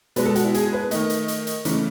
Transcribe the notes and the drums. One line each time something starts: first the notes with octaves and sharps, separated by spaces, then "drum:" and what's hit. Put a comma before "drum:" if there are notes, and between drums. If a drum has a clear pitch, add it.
B2 G#3 B4, drum: hi-hat
A4
F#4, drum: hi-hat
E4
G#4, drum: hi-hat
B4
D#3 A3 D#5, drum: hi-hat
drum: hi-hat
drum: hi-hat
drum: hi-hat
C#3 E3 A3, drum: hi-hat